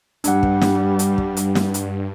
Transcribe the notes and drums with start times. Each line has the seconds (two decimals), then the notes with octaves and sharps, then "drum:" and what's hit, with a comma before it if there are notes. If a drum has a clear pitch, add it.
0.24 G2 G3 D4 F#5, drum: hi-hat
0.43 drum: kick
0.62 drum: snare
0.99 drum: hi-hat
1.18 drum: kick
1.37 drum: hi-hat
1.55 drum: snare
1.74 drum: hi-hat